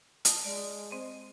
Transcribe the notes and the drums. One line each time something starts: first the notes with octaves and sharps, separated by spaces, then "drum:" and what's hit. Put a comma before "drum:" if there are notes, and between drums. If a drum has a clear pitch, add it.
A5 D#6, drum: hi-hat
G#3 D5
C4 C5 D#5